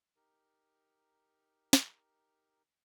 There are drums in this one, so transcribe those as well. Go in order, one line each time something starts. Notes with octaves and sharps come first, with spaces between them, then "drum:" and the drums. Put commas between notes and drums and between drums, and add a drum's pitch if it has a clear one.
D#4 G4 A#4
drum: snare